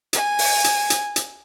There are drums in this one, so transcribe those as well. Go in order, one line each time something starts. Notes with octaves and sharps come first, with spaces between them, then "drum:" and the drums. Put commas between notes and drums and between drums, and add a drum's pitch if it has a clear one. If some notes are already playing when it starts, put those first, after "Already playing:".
G#5, drum: hi-hat
drum: open hi-hat
drum: hi-hat
drum: hi-hat
drum: hi-hat